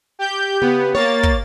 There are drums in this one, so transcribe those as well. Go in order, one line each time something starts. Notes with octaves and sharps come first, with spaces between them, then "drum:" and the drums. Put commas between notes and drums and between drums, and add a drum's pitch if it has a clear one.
G4 G6
C#3 B3 G4
A#3 C#5 A6
drum: kick